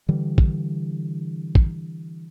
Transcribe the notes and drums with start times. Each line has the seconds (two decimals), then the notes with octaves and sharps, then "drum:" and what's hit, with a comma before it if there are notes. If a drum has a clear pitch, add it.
0.09 D3 E3 G3
0.38 drum: kick
1.55 drum: kick